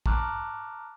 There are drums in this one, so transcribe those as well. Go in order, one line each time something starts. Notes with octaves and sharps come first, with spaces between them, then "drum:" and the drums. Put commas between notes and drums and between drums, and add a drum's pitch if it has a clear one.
A5 A#5 C#6 D6 F6 F#6, drum: kick